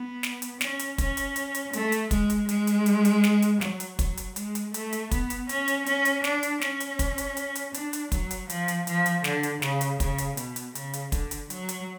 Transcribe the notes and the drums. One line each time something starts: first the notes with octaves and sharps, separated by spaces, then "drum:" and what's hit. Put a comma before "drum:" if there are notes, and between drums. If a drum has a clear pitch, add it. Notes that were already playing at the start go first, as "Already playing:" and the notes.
Already playing: B3
drum: snare
drum: hi-hat
C#4, drum: snare
drum: hi-hat
C#4, drum: kick, hi-hat
drum: hi-hat
drum: hi-hat
drum: hi-hat
A3, drum: hi-hat
drum: hi-hat
G#3, drum: kick, hi-hat
drum: hi-hat
G#3, drum: hi-hat
drum: hi-hat
drum: hi-hat
drum: hi-hat
drum: snare
drum: hi-hat
F#3, drum: snare
drum: hi-hat
F#3, drum: kick, hi-hat
drum: hi-hat
G#3, drum: hi-hat
drum: hi-hat
A3, drum: hi-hat
drum: hi-hat
B3, drum: kick, hi-hat
drum: hi-hat
C#4, drum: hi-hat
drum: hi-hat
C#4, drum: hi-hat
drum: hi-hat
D4, drum: snare
drum: hi-hat
C#4, drum: snare
drum: hi-hat
drum: kick, hi-hat
drum: hi-hat
drum: hi-hat
drum: hi-hat
D4, drum: hi-hat
drum: hi-hat
F#3, drum: kick, hi-hat
drum: hi-hat
F3, drum: hi-hat
drum: hi-hat
F3, drum: hi-hat
drum: hi-hat
D3, drum: snare
drum: hi-hat
C#3, drum: snare
drum: hi-hat
C#3, drum: kick, hi-hat
drum: hi-hat
B2, drum: hi-hat
drum: hi-hat
C#3, drum: hi-hat
drum: hi-hat
D3, drum: kick, hi-hat
drum: hi-hat
F#3, drum: hi-hat
drum: hi-hat